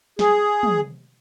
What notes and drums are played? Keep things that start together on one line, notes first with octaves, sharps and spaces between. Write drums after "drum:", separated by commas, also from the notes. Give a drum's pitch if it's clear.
G#4, drum: snare
drum: tom